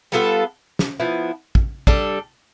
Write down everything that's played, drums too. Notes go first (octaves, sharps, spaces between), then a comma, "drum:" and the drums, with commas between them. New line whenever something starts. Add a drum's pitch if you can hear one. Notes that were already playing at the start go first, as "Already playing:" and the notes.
G3 B3 F4 A4
drum: snare
F3 B3 E4
drum: kick
G3 D4 A4, drum: kick